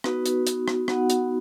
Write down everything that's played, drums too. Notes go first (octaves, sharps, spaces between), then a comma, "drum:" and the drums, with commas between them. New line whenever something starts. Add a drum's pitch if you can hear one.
B3 D#4 F#4 B4, drum: rim click
drum: hi-hat
drum: hi-hat
drum: rim click
B3 D#4 F#4 F#5, drum: rim click
drum: hi-hat